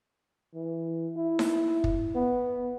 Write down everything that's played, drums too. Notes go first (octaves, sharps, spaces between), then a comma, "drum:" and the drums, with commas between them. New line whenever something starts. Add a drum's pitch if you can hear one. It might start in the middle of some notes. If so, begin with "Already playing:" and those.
E3
E4
drum: snare D#4
drum: kick
B3